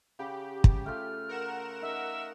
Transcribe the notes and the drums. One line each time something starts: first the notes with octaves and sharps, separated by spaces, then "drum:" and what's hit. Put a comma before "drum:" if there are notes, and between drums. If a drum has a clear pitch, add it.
C#3 G4 F#5 B5
drum: kick
A3 F4 F6
A#4 F#5 E7
D#4 E5